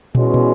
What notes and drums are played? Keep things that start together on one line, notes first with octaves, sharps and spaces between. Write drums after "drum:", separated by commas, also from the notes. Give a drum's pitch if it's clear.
E2 B2 G#3 C#4 F#4, drum: tom
drum: tom